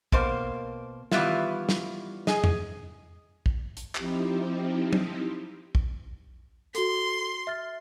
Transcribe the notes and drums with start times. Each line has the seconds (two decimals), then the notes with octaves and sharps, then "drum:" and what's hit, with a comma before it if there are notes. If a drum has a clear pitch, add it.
0.12 B2 A#3 C5, drum: kick
1.12 D#3 E3 G3 B3 E4 F4, drum: snare
1.69 drum: snare
2.27 G#4 D#5, drum: snare
2.44 drum: tom E2
3.46 drum: kick
3.77 drum: hi-hat
3.95 F3 C4 D#4 E4 G4, drum: clap
4.93 drum: tom
5.75 drum: kick
6.75 F#4 A4 C6, drum: hi-hat
7.47 E5 F6 A6